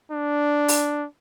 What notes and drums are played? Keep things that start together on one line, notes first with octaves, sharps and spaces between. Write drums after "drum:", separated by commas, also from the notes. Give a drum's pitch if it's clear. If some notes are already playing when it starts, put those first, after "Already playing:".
D4
drum: open hi-hat